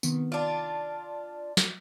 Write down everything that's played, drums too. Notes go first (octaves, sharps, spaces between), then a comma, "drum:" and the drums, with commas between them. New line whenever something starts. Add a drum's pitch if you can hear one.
C3 D#3 B3, drum: tambourine
D4 F4 D7
drum: snare